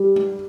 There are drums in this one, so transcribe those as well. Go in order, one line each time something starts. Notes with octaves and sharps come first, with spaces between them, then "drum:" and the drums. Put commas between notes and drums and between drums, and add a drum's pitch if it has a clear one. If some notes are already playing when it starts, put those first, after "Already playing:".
Already playing: G3
drum: tom G#3